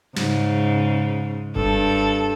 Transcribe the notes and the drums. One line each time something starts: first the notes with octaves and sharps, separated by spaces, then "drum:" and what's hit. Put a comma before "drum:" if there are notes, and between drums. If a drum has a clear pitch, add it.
G#2 C#3, drum: snare
G2 A4, drum: kick F#1